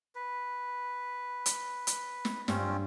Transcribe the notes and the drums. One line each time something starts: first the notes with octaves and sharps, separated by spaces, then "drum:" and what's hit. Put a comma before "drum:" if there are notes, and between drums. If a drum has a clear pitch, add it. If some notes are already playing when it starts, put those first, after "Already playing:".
B4
drum: hi-hat
drum: hi-hat
drum: snare
G2 C4 C#4 F4, drum: snare